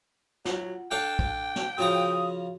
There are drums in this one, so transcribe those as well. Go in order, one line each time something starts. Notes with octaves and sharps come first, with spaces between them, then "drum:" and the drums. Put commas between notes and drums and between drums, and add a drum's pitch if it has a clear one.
F#3 F4 F#5, drum: snare
D4 A4 F5 G5 D6 F#6 G6
drum: kick A#1
drum: snare
C#3 F3 F#4 G#4 C#5 A#5 D#6